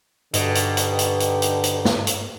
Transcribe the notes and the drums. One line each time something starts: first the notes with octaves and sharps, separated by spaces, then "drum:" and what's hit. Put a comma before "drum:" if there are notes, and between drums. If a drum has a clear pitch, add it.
G2 B2 D3 D#4 G4, drum: hi-hat
drum: hi-hat
drum: hi-hat
drum: hi-hat
drum: hi-hat
drum: hi-hat
drum: hi-hat
drum: snare
drum: hi-hat